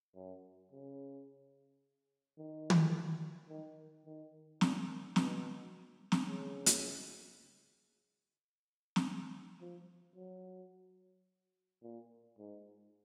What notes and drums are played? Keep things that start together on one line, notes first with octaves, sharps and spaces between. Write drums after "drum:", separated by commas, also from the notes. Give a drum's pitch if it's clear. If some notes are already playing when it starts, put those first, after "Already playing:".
F#2
C#3
D#3
drum: tom
D#3
D#3
A#2, drum: snare
B2, drum: snare
drum: snare
C#3
drum: hi-hat
drum: snare
F3
F#3
A#2
G#2